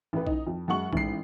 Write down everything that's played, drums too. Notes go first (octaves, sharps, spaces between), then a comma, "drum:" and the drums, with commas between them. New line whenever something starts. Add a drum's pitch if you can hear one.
A1 B4
D#4, drum: kick B1
F2
F#2 G#3 F#5 C#6 F#7
A1 G#2 C7, drum: kick B1